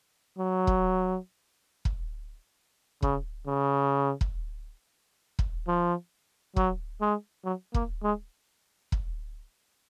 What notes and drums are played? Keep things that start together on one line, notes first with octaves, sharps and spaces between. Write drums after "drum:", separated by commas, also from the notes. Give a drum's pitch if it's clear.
F#3
drum: kick
drum: kick
C#3, drum: kick
C#3
drum: kick
drum: kick
F3
F#3, drum: kick
G#3
F#3
A#3, drum: kick
G#3
drum: kick